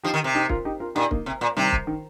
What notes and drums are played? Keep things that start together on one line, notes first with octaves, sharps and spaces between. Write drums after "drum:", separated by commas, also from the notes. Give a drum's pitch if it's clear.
F3 D#4 G4
D#3
C3
D#4 G4
F4 A#4, drum: kick
D#4 G4
F4 A#4
A#2 D#4 G4
A#3 D#4, drum: kick
C3
A#2
C3 D#3 G3
drum: kick
D#3